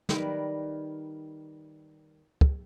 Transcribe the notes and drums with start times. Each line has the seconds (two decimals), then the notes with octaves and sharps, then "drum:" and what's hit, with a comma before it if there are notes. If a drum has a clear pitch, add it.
0.09 D#3 G3 A#4 B4, drum: snare
2.41 drum: kick